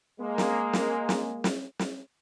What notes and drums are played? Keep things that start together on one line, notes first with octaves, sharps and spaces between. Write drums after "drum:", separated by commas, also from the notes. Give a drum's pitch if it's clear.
G#3 A#3
drum: snare
drum: snare
drum: snare
drum: snare
drum: snare